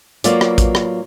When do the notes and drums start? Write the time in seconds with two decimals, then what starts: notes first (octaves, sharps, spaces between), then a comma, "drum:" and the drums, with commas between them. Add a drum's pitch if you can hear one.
0.24 F#3 A#3 B3 F4 D5, drum: hi-hat
0.41 drum: rim click
0.58 drum: kick, hi-hat
0.75 drum: rim click